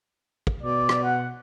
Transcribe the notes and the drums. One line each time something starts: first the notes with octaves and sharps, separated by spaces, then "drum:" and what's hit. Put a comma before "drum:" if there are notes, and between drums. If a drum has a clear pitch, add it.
drum: kick
B2 D5
drum: rim click
F#5